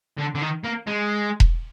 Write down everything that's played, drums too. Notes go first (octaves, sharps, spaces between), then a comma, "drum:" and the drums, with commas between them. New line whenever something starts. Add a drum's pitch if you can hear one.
D3
D3
D#3
A#3
G#3
drum: kick E1